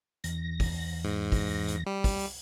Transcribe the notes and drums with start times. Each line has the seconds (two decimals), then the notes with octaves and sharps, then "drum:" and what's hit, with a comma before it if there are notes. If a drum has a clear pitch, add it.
0.24 E2 A#6, drum: hi-hat
0.60 drum: kick, open hi-hat
1.05 G#2
1.32 drum: kick, open hi-hat
1.68 drum: hi-hat
1.86 G3
2.04 drum: kick, open hi-hat